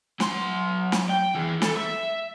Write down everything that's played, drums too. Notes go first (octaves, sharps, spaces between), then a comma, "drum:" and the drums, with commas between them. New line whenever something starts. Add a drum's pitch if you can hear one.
F#3 C6, drum: snare
drum: snare
G5
E3 G#4
A4, drum: snare
E5